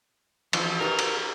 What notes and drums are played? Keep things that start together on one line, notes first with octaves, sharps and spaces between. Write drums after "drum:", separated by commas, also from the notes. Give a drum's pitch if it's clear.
E3 F3, drum: cymbal
D#4 G4 A#4 B4
drum: cymbal